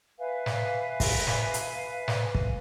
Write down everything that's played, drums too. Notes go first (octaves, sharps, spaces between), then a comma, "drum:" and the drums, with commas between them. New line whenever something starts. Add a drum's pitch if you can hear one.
B4 E5 F5 G#5
drum: snare
drum: kick, open hi-hat
drum: snare
drum: hi-hat
drum: snare
drum: kick